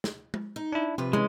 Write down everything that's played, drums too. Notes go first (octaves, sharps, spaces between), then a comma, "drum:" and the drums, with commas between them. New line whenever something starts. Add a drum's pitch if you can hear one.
drum: snare
drum: tom G#3
D#4
D4 E4
C3 F3 B4
E3 G#3 C#4